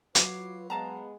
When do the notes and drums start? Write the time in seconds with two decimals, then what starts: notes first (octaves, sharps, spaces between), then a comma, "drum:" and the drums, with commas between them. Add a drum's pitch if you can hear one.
0.15 F#3 F4 F#4 B4 D6 C7, drum: hi-hat
0.70 G#3 B3 F5 F#5 A5 A#5